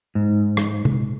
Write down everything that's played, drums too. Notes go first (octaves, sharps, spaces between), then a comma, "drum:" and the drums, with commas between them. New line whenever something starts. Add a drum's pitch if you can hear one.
G#2
drum: rim click
drum: tom